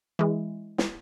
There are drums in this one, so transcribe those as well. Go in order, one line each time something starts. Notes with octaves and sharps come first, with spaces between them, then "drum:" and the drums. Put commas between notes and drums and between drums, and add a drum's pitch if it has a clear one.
E3 G#3
drum: snare